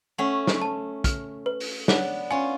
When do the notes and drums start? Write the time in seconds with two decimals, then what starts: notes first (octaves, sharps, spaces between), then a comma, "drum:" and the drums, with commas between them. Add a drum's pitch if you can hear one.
0.18 A3 C#4 F#5
0.47 drum: snare
0.62 A5
1.04 F6, drum: kick, hi-hat
1.46 B4
1.60 drum: open hi-hat
1.88 B3 D4 C#5, drum: snare
2.31 C#4 F4 G#5